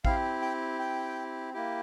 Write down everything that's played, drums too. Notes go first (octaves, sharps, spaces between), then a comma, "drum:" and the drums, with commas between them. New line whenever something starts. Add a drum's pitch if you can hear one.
C4 E4 G4 F5, drum: kick A1
G5
G5
A#3 E4 G4